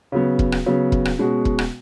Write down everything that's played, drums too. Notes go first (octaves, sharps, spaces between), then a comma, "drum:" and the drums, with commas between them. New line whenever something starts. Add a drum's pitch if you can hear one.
C#3 F#3 B3
drum: kick
drum: rim click
C#3 F#3 B3
drum: kick
drum: rim click
B2 G#3 C#4 F#4
drum: kick
drum: rim click